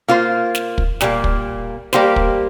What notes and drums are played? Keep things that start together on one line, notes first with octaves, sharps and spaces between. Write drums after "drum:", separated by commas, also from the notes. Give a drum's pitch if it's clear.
A#3 F4 C5
drum: snare
drum: kick
A#2 G3 A#3, drum: snare
drum: kick
G3 A#3 G4 C5, drum: snare
drum: kick